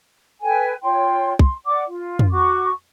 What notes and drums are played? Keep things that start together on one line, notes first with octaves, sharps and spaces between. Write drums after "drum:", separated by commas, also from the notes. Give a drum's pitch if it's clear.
A4 B4 G5 G#5
F4 C#5 G5 C6
C6, drum: kick
D5 F#5 D6
F4
drum: tom
F#4 C#6 D6